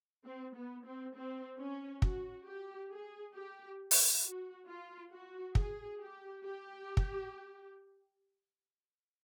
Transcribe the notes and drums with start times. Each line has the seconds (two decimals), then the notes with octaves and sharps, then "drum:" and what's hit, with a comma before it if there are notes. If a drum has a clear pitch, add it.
0.25 C4
0.55 B3
0.84 C4
1.13 C4
1.58 C#4
2.02 F#4, drum: kick
2.46 G4
2.90 G#4
3.34 G4
3.91 drum: open hi-hat
4.23 F#4
4.66 F4
5.11 F#4
5.55 G#4, drum: kick
6.00 G4
6.43 G4
6.97 drum: kick